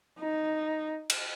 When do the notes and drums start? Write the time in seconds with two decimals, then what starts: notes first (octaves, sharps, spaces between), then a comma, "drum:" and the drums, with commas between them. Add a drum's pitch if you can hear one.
0.19 D#4
1.10 drum: cymbal